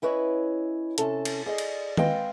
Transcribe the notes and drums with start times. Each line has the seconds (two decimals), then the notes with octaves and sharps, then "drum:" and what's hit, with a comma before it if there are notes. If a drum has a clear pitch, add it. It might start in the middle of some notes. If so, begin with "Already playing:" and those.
0.02 C#4 E4 B4 C#5 D#5
0.98 C3 C#4 A4 A5, drum: hi-hat
1.25 drum: cymbal
1.46 G#4 D5 D#5
1.58 drum: cymbal
1.97 G#3 C4 B4 D#5 F5 G5, drum: tom D#3